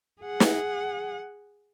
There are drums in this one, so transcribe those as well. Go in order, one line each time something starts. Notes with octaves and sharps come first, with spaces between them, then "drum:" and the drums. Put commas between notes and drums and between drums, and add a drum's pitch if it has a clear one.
G#4 F#5
drum: snare